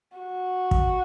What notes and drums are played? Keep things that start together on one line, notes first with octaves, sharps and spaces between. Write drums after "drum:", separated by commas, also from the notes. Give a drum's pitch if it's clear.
F#4
drum: kick